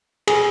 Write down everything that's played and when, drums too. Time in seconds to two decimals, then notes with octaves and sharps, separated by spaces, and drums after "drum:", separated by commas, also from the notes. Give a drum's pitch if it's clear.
0.28 G#4, drum: cymbal